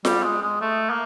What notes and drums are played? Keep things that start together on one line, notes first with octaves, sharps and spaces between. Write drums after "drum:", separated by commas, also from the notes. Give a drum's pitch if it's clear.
G3, drum: snare F4
G#3
G#3
A3
A#3